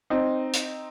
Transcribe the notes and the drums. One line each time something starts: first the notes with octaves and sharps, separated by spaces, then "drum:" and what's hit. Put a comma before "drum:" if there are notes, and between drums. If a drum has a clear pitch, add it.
C4 D#4
drum: hi-hat